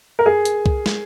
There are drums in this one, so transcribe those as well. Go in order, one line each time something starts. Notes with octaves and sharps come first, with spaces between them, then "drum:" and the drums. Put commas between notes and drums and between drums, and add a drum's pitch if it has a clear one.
A#4
G#4
drum: hi-hat
drum: kick C2
drum: snare